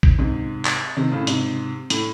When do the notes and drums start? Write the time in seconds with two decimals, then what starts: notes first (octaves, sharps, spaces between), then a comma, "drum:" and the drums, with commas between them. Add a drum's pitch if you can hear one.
0.03 drum: kick A1
0.18 G#2 C3
0.65 drum: clap
0.97 C3 D#3
1.12 A2 C#3
1.27 G#2 C3, drum: hi-hat
1.90 A2, drum: hi-hat